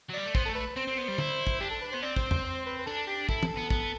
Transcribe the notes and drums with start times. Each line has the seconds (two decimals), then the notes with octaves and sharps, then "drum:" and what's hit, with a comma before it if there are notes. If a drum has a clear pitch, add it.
0.10 F#3
0.13 G3 D5
0.26 A3
0.35 B3 C5, drum: kick
0.46 A3 A4
0.55 B4
0.76 C4 C5
0.88 C4
0.97 B3
1.08 G3
1.18 E4, drum: tom
1.47 drum: kick
1.60 D4 G4
1.71 A4
1.82 B4
1.92 B3 C5
2.02 C4 D5
2.16 C5, drum: kick
2.31 C5, drum: tom E2
2.45 C5
2.66 B4
2.79 B4
2.86 D4 A4
3.07 G4
3.29 E4 A4, drum: kick
3.43 drum: tom
3.57 B3
3.70 B3, drum: kick